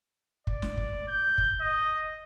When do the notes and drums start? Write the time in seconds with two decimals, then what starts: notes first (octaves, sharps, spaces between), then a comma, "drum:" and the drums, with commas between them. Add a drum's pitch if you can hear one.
0.47 D5, drum: kick
0.62 drum: snare
0.77 drum: kick
1.08 G6
1.38 drum: kick
1.60 D#5